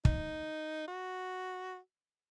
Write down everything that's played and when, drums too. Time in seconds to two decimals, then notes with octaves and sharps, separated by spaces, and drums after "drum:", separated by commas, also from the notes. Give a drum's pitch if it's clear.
0.05 D#4, drum: kick
0.88 F#4